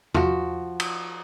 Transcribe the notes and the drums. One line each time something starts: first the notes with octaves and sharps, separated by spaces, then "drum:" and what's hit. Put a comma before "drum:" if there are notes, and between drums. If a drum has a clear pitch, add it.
F3 F#4, drum: tom E2
drum: cymbal